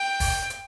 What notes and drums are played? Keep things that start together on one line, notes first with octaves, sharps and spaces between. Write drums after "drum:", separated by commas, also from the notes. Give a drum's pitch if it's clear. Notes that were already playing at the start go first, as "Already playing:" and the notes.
Already playing: G5
drum: kick, open hi-hat
drum: hi-hat